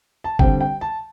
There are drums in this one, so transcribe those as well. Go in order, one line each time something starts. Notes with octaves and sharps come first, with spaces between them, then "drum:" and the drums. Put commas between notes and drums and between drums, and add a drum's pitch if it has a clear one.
A5
D3 G3 C4 G5, drum: kick G1
G5
A5